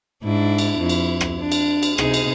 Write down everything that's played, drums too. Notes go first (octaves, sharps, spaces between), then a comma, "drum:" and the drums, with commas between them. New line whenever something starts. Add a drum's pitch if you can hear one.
G#2 D4 E4
drum: cymbal
F2 E4
drum: cymbal
drum: rim click
D4
drum: cymbal
drum: cymbal
C3 D#4 G#4, drum: rim click
drum: cymbal